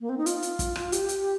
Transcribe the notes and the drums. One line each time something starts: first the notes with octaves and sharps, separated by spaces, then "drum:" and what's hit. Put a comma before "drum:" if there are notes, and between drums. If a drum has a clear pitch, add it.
A#3
C4
D#4
F4, drum: hi-hat
drum: hi-hat
drum: kick, hi-hat
drum: rim click
G4, drum: hi-hat
drum: hi-hat